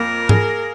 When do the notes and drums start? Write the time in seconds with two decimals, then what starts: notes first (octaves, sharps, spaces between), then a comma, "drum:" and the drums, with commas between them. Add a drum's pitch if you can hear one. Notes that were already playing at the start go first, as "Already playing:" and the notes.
Already playing: F2 A#3 A#4
0.29 G#4, drum: tom G#2